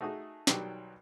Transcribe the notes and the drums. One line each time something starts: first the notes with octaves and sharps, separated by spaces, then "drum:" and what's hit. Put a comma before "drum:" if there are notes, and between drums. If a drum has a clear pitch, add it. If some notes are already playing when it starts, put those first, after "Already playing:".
A3 D#4 F#4 G#4 D#6
B1 D#3 F#3 G3 D4 G5, drum: snare